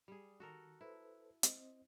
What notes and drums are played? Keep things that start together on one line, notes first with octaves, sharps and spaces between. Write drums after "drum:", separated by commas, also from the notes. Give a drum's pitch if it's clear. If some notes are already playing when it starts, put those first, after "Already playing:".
G3 G#4
D#3 F#4 A4 A#4
E4 A4 B4 C5
C4 C5 D#5, drum: hi-hat